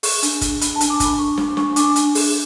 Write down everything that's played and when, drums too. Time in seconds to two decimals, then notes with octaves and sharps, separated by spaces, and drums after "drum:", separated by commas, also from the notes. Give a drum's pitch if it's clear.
0.03 G#4 C#6, drum: open hi-hat
0.23 D4, drum: hi-hat
0.41 G#4, drum: kick, hi-hat
0.61 D4 B5, drum: hi-hat
0.76 A5
0.81 D4, drum: hi-hat
0.90 D6
1.00 D4 B5, drum: kick, hi-hat
1.19 D4 C#6
1.37 D4 D6, drum: snare
1.57 D4 C#6, drum: snare
1.73 C#6
1.76 D4 D6, drum: hi-hat
1.96 D4, drum: hi-hat
2.15 G#4, drum: open hi-hat